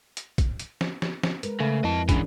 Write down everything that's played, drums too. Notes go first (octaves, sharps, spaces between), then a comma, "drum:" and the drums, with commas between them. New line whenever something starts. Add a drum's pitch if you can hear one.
drum: hi-hat
drum: kick, hi-hat
drum: hi-hat
drum: snare
drum: snare
drum: snare
G#3 A#4 B4, drum: hi-hat
C#3 A3
F2 E4 D#5 A5
G#2 E3 C#4 D4 G#4, drum: kick, hi-hat